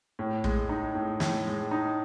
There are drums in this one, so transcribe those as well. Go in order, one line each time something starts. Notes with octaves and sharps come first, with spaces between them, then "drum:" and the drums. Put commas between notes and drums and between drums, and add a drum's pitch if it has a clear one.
A2
G#3, drum: kick
D#4
A2
A2, drum: snare
G#3
D#4